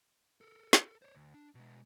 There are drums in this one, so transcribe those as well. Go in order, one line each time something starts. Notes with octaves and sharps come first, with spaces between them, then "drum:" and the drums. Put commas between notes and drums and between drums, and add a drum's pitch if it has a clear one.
A4 A#4
drum: snare
C5 C#5
D2
D4
B2 G#3